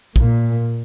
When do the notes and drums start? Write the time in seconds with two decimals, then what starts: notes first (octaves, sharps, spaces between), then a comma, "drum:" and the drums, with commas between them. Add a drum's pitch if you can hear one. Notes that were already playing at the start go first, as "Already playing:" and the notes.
0.16 A#2, drum: kick